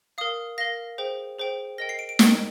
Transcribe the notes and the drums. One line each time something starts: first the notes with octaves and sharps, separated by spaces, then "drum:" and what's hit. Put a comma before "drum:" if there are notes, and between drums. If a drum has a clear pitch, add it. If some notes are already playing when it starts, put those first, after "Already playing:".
A#4 F5 D#6
A#4 F5 A#6
G#4 C5 G5
G#4 C5 G5
A#4 D#5 G5 A#6
C7
D7
D7
A#4 D#5 G5 D7, drum: snare